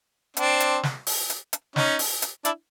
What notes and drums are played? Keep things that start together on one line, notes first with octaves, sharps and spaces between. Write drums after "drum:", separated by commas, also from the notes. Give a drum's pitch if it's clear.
C4 D4, drum: hi-hat
drum: hi-hat
drum: snare
drum: open hi-hat
drum: hi-hat
drum: hi-hat
C#4 D#4, drum: snare
drum: open hi-hat
drum: hi-hat
D4 E4, drum: hi-hat